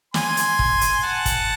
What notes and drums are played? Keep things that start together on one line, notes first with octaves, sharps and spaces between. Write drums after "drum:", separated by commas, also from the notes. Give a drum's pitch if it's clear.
G#5 C6, drum: snare
drum: hi-hat
drum: kick
drum: hi-hat
F#5 A5
drum: kick, hi-hat